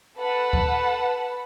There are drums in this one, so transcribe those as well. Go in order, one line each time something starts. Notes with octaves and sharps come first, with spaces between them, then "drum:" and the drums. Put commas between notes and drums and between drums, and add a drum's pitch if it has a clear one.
A4 B4 F#5 A5 B5
drum: kick D2